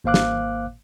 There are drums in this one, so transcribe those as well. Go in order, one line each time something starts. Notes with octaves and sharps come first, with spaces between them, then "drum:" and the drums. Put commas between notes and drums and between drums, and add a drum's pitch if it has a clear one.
G#1 A#3 C5 F5 D6 F#6
drum: snare